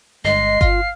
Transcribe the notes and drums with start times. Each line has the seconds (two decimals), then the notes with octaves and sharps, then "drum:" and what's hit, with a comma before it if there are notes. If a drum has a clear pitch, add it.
0.25 G1 G#3 D#5 C7
0.61 F4 F5, drum: kick G1